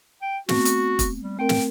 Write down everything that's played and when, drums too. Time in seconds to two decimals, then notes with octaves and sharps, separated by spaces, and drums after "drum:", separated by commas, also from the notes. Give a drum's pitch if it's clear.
0.22 G5
0.49 A3 B3 C4 F#4, drum: snare
0.65 drum: hi-hat
0.99 drum: kick, hi-hat
1.22 G3
1.39 A3 C4 A#4 G5
1.49 drum: snare